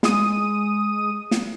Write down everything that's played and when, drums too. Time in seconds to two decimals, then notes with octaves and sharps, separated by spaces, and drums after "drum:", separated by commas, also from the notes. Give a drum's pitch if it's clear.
0.03 G#3 D#6 D#7, drum: snare
1.31 drum: snare